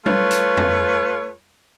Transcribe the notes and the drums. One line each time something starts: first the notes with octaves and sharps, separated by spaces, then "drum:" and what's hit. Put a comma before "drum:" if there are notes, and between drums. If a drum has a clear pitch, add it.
A3 F4 B4 C#5, drum: tom G3
drum: hi-hat
drum: tom F2